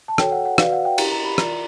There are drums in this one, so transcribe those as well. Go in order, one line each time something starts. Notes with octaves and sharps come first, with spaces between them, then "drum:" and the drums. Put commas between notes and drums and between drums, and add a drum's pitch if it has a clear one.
A5
F#4 A4 C#5 G5, drum: rim click
F#5
F#5
F#4 B4 D5 F5, drum: rim click
F#5
G5
E4 G4 A#4 A#5, drum: cymbal
A#5
B5
F4 A#4 D5 A#5, drum: rim click